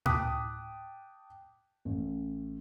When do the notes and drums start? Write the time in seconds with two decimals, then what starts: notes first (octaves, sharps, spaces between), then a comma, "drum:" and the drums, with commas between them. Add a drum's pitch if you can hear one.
0.06 G5 A5 D6 D#6 F#6 B6, drum: tom A2
1.85 A1